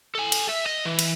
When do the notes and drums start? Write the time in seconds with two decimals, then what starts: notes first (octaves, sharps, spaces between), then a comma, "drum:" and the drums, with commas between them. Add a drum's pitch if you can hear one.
0.15 A4 G#5
0.32 drum: cymbal
0.49 E5
0.66 D#5
0.85 E3
0.99 drum: cymbal